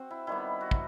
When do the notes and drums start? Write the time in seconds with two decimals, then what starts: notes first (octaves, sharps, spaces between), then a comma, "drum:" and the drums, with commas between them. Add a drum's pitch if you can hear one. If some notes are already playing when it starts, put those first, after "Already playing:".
Already playing: C4 F#4
0.11 E4
0.27 D#3 G3 B3 E4
0.61 F#4
0.71 drum: kick